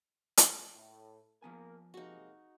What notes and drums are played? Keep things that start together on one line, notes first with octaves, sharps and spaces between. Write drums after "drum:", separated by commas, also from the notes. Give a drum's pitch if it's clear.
drum: hi-hat
A2
F3 A#3 B3 A#4 G#5
C3 G#3 A#3 D#4 F#4